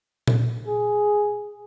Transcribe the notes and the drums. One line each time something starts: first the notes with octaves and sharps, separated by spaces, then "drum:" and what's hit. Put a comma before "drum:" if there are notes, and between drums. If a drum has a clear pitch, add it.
drum: tom A#2
G#4